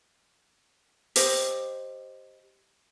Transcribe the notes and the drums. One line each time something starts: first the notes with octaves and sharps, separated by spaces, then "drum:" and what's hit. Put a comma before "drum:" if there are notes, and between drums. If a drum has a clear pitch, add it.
G4 C5 D#5, drum: open hi-hat